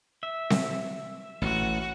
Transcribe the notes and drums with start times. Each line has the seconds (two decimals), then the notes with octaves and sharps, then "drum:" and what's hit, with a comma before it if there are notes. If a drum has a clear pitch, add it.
0.23 E5
0.50 drum: snare C4
1.42 A1 F#4